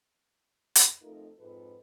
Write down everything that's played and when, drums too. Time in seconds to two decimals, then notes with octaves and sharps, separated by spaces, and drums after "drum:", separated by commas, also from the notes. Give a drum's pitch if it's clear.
0.75 drum: hi-hat
1.01 F2 A3 D#4 F4 A4 A#4
1.37 F2 G#2 F4 A4 B4